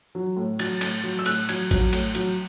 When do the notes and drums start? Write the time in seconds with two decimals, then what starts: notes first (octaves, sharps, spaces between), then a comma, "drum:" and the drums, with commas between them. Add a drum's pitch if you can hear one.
0.15 F#3
0.37 A2
0.59 F#3 A6, drum: cymbal
0.81 A2 A6, drum: cymbal
1.04 F#3
1.19 E6
1.26 A2 F#6, drum: cymbal
1.49 F#3 G#6, drum: cymbal
1.71 F#3, drum: kick A1, cymbal
1.93 A2, drum: cymbal
2.15 F#3, drum: cymbal